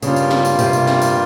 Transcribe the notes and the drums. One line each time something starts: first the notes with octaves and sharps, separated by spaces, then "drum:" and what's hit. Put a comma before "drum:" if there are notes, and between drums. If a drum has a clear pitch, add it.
G2 C#3 G3 A#3 F4, drum: tambourine
drum: tambourine
drum: snare
drum: tambourine
C3, drum: tambourine
drum: tambourine
drum: snare
drum: tambourine